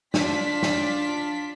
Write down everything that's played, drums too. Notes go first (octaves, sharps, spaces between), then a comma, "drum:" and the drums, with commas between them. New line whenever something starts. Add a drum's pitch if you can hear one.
D4 F4 B6, drum: snare
drum: snare